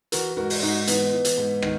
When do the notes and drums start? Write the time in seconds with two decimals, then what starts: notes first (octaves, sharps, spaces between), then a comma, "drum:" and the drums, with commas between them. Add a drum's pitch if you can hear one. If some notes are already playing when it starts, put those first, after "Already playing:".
0.12 E3 F#4 A#4, drum: hi-hat
0.37 G#2 F#4 A#4
0.50 drum: open hi-hat
0.63 G#2 D#4 F#4
0.87 E3 B3 D#4, drum: hi-hat
1.13 E3
1.25 drum: hi-hat
1.38 G#2
1.62 D#3, drum: rim click